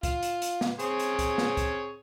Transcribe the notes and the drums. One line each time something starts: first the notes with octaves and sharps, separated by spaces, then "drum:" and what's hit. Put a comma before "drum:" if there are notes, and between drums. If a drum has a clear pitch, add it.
F4, drum: kick, hi-hat
drum: hi-hat
drum: hi-hat
drum: snare
C4 G#4 C#5, drum: hi-hat
drum: hi-hat
drum: kick, hi-hat
drum: snare
drum: kick, hi-hat